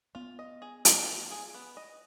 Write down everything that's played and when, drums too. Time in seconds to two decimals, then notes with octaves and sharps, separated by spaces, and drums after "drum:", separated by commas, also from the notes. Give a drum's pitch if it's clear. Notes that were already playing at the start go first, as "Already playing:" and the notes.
0.15 B3 F4
0.39 D#5
0.62 G#4
0.85 F4, drum: hi-hat
1.08 F4
1.31 G#4
1.55 B3
1.77 D#5